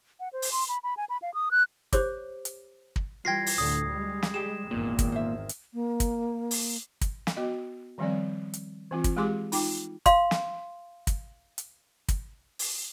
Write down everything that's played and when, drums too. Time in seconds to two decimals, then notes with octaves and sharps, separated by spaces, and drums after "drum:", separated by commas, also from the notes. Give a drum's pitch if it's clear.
0.20 F#5
0.33 C5
0.42 drum: open hi-hat
0.52 C6
0.69 B5
0.83 B5
0.97 G#5
1.10 B5
1.22 F5
1.34 D#6
1.51 F#6
1.93 G4 C5 C#5 D6, drum: kick, hi-hat
2.45 drum: hi-hat
2.96 drum: kick
3.25 E3 G3 F4 G5 G#6 A#6 C7
3.46 drum: open hi-hat
3.58 D2 A2 D3 D#6
3.90 G3 G#3
4.23 drum: snare
4.34 G4 G#4 E7
4.71 G#1 E2 A#2 D#3
4.99 drum: kick, hi-hat
5.12 C5 E5
5.49 drum: hi-hat
5.74 A#3
6.00 drum: kick, hi-hat
6.51 drum: open hi-hat
7.01 drum: kick, hi-hat
7.27 drum: snare
7.37 B3 F#4 D#5
7.98 D#3 F3 G3 C4 D5
8.54 drum: hi-hat
8.91 E3 C4 F4
9.04 drum: kick, hi-hat
9.16 G#3 G4 G#4 G#5 C6 D6
9.52 D#4 F4 G5 D6, drum: open hi-hat
10.06 F5 C6, drum: kick, hi-hat
10.31 drum: snare
11.07 drum: kick, hi-hat
11.58 drum: hi-hat
12.08 drum: kick, hi-hat
12.59 drum: open hi-hat